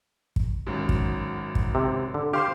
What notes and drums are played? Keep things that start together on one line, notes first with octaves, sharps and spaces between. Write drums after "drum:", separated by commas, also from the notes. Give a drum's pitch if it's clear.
drum: kick
G#1 F#2
drum: kick
drum: kick
C3
D3
G4 C5 F5 C6